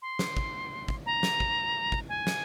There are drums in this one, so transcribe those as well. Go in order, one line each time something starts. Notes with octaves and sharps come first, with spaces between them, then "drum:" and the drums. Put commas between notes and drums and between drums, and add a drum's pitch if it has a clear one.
C6
drum: snare
drum: kick
drum: kick
A#5
drum: snare
drum: kick
drum: kick
G#5
drum: snare